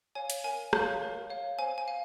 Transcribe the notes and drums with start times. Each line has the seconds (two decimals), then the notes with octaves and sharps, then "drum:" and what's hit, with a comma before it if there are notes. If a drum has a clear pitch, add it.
0.15 C#5 F5 G#5
0.30 drum: hi-hat
0.44 A#4 G#5
0.73 C#5 F5, drum: rim click
1.02 A#4
1.30 C#5 F5
1.59 C5 G#5
1.78 G#5
1.88 F5